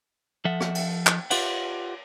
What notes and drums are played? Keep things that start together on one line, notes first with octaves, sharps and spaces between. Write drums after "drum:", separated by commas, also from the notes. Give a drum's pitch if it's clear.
F3 A4 E5 F#5
drum: rim click
drum: cymbal
drum: clap
F4 G4 B4 E5 F#5, drum: cymbal